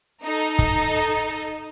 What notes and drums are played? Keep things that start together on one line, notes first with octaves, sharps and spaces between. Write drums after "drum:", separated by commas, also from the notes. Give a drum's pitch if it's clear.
D#4 A4
drum: kick